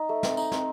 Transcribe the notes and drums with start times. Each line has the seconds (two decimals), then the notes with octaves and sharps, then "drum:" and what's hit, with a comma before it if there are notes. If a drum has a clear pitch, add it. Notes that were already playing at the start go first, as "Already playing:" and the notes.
Already playing: D#4
0.09 A3
0.23 C4, drum: snare
0.37 D#4, drum: tambourine
0.52 C4, drum: snare